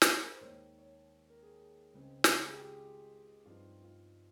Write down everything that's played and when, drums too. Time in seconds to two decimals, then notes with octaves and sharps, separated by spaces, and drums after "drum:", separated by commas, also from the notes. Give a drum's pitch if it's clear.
0.02 G4, drum: snare
0.11 G#4
0.21 A#4
0.31 C5
0.40 D#2 D#3 G#3 C#5
0.78 C#5
1.30 A#4
1.43 G#4
1.94 C#2 C#3 G#3 C4
2.24 G#4, drum: snare
2.31 G4
2.44 F4
2.51 G#4
2.57 G4
3.46 G2 F3 C4 D#4 F4
3.84 F4